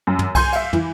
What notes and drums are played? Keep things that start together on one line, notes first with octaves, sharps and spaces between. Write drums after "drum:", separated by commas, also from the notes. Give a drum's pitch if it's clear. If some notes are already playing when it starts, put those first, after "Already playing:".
F#2
drum: tom
G#5 C6 G6, drum: kick B1, cymbal
E5 F5, drum: cymbal
E3, drum: tom